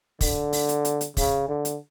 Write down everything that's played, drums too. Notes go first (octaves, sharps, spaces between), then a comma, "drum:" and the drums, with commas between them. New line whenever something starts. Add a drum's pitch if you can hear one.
D3, drum: kick, open hi-hat
drum: open hi-hat
drum: hi-hat
drum: hi-hat
drum: hi-hat
C#3, drum: kick, open hi-hat
D3
drum: hi-hat